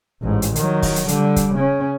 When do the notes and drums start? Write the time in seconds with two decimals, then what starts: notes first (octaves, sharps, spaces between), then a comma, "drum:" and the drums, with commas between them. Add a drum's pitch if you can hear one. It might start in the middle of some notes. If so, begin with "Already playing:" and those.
0.22 A1 G#2
0.42 drum: hi-hat
0.55 D#3 F#3, drum: hi-hat
0.82 drum: kick, open hi-hat
0.96 drum: hi-hat
1.08 D3 G3, drum: hi-hat
1.36 drum: kick, hi-hat
1.55 C#3 C#4